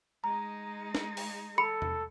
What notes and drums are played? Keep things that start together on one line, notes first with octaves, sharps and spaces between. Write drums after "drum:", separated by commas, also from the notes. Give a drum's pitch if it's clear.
G#3 D#4 A#5
drum: snare
drum: open hi-hat
A4 B5 C#7
drum: tom E2